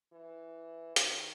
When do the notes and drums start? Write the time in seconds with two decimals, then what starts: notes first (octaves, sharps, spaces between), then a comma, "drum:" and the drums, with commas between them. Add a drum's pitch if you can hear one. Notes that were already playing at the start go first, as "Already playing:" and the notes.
0.13 E3
0.96 D#3, drum: hi-hat